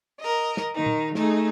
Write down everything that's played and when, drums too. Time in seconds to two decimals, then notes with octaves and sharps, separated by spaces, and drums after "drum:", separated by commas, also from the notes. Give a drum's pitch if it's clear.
0.19 A#4 D#5
0.57 drum: snare
0.74 D#3 D#4
0.86 drum: tom A#2
1.15 A3 D#4 G#4, drum: snare